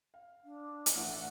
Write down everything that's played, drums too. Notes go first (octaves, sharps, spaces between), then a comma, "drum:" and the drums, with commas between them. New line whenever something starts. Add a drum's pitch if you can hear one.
F5
D4
drum: hi-hat
A2 E3 A3 F#5